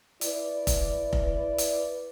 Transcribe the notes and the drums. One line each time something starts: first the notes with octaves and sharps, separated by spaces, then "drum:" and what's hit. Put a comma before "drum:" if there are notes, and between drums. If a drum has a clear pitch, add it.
E4 B4 D5, drum: hi-hat
drum: kick F1, hi-hat
drum: kick F1
drum: hi-hat